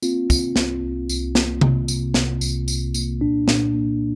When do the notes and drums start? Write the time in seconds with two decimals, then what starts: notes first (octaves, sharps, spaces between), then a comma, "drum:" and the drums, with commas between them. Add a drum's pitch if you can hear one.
0.02 A#3 C4 F4, drum: tambourine
0.30 C3, drum: kick, tambourine
0.56 C2, drum: snare
0.83 C2
1.09 C2, drum: tambourine
1.35 A#3, drum: snare
1.61 C3, drum: tom C3
1.88 C3, drum: tambourine
2.14 C2, drum: snare
2.41 C2, drum: tambourine
2.68 C2, drum: tambourine
2.94 A#3, drum: tambourine
3.21 A#2 D4
3.48 A#2, drum: snare
3.74 A#3